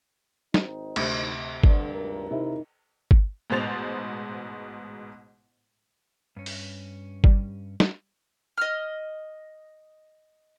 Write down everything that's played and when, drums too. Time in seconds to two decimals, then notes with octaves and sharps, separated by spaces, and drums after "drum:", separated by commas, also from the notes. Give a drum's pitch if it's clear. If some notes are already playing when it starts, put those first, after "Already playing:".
0.54 G#1 C4 D#4, drum: snare
0.96 D2 C3, drum: cymbal
1.63 G2 D3, drum: kick G1
1.93 G#1 C#2 A#4
2.31 C3 D#4 E4
3.11 drum: kick G1
3.50 A1 G#2 B2 C5 A6 F7
6.37 G2 C#4
6.46 drum: open hi-hat
7.24 G3, drum: kick G1
7.80 drum: snare
8.57 D#5 F6